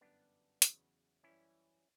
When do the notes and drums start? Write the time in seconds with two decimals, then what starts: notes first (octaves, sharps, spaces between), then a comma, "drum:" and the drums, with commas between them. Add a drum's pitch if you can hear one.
0.01 G1 F#2 E3 G3 B3 D4
0.62 E2 C#3 F#3, drum: hi-hat
1.23 F#2 E3 G3 C#4 E4